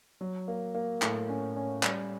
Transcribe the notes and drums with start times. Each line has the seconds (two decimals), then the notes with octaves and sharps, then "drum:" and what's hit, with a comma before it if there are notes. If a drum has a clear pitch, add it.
0.21 F#3
0.48 A#3
0.75 A#3
1.02 A2, drum: clap
1.29 C#4
1.56 C#4
1.83 G3, drum: clap